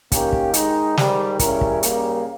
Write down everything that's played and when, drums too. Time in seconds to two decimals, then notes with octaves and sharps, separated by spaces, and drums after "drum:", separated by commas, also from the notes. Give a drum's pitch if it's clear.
0.12 D#3 A#3 C#4 G4 A#4, drum: kick, hi-hat
0.32 drum: kick
0.54 D#3 G#3 D#4, drum: hi-hat
0.97 G#2 D#3 G3, drum: snare
1.39 C#3 G3 C#4 E4 A#4, drum: kick, hi-hat
1.61 drum: kick
1.83 C#3 G3 A#3, drum: hi-hat